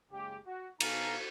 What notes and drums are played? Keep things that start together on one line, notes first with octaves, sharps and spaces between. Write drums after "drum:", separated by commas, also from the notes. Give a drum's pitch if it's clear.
F#1 C#3 G#3 G4
F#4
B2 D#4 A4 F5 G#5 A#5, drum: cymbal